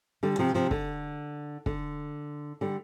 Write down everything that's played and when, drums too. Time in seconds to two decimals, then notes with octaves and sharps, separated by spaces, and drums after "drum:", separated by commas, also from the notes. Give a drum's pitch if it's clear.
0.23 D3 G3
0.39 C3 F3
0.55 C3 F3
0.71 D3, drum: kick
1.66 D3, drum: kick
2.61 D3 G3